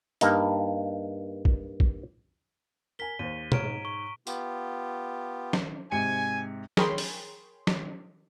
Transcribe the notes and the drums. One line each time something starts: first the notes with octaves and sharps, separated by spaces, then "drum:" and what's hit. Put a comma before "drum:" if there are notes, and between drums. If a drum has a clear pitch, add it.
G2 A#3 D#4, drum: hi-hat
drum: kick
drum: kick
A#4 G#5 B6 G7
D#2 C5 D#7
G#2 C#5 A#5 F6 D7, drum: tom B2
C#6
B3 F4 G4, drum: tambourine
drum: snare
G#2 C3 G#5 C#7
G#4 A#4 C#5 G5 B5 C6, drum: snare
drum: open hi-hat
drum: snare